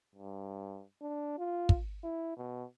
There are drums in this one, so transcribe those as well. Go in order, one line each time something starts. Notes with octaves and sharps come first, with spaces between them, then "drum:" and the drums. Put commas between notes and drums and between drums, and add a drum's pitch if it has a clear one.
G2
D4
F4
drum: kick
E4
B2